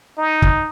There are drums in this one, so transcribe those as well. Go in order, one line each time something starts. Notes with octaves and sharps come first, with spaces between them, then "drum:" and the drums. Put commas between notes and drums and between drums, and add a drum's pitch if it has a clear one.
D#4
drum: kick